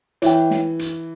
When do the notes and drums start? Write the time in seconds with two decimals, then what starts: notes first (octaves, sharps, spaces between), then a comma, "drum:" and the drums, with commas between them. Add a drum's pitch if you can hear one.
0.22 E3 C#5 E5 G5, drum: hi-hat
0.51 drum: snare
0.79 drum: hi-hat